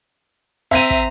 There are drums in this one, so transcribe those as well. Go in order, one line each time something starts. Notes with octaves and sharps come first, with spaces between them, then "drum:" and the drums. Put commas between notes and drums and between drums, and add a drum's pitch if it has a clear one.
C4 E5 A#5 B6 D#7
drum: kick